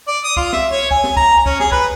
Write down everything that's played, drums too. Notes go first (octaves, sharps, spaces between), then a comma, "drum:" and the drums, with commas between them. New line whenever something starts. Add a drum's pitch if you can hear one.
D5
D#6
F4, drum: kick C2
E5, drum: snare
C#5
G#5, drum: kick C2
drum: snare
A#5, drum: kick C2
C#4, drum: kick C2
G#4, drum: snare
B4, drum: kick C2